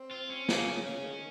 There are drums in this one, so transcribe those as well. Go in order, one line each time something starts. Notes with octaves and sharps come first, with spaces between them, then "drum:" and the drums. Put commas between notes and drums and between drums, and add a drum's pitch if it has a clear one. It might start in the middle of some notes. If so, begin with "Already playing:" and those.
Already playing: C4
F4
C#4
A#3, drum: snare
C#3
C#3
D#3